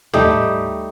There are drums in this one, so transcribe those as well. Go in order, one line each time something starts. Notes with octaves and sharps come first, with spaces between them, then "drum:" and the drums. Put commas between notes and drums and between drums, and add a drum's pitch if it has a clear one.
G3 A3 D#4 G4, drum: tom